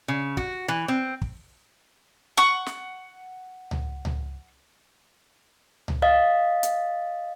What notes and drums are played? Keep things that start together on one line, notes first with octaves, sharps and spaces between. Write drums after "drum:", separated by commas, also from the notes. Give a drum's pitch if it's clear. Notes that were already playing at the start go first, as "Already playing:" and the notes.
C#3
F#4, drum: kick
E3
C4
drum: kick
F#5 C#6, drum: snare
drum: snare
drum: tom C#2
drum: tom C#2
drum: tom C#2
D#5 F5
drum: hi-hat